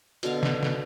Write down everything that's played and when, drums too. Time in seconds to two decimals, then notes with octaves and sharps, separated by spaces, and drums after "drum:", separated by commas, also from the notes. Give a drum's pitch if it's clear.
0.23 B2 D3 F5, drum: hi-hat
0.43 drum: snare
0.63 drum: snare